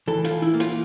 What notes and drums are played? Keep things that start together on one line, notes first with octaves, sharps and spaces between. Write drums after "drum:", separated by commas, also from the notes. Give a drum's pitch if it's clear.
E3 A4
F4, drum: hi-hat
E3
E4
A#3
F4, drum: hi-hat